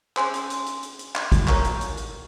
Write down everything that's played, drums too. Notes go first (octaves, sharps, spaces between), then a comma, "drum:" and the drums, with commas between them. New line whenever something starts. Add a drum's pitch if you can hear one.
C#4 G#4 C5 G#5 C6, drum: clap
drum: hi-hat
drum: hi-hat
drum: hi-hat
drum: hi-hat
drum: hi-hat
drum: clap
drum: kick, hi-hat
D#4 A#4 C#5 A#5 C#6, drum: clap
drum: hi-hat
drum: hi-hat
drum: hi-hat